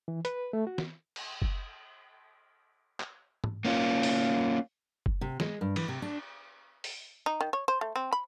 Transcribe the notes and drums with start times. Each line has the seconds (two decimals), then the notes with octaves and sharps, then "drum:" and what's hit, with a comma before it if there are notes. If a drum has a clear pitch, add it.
0.08 E3
0.25 B4, drum: hi-hat
0.53 A3
0.67 F#4
0.78 drum: snare
1.16 drum: cymbal
1.42 drum: kick F#1
3.00 drum: clap
3.44 drum: tom G#2
3.65 A#3 C#4 F4
4.03 drum: open hi-hat
5.06 drum: kick F#1
5.21 C3
5.40 G#3, drum: snare
5.61 G2
5.76 E3, drum: cymbal
5.88 C3
6.02 D4
6.84 drum: open hi-hat
7.26 D#4
7.41 D#3
7.53 C#5
7.68 C5
7.81 A3
7.96 C4
8.13 B5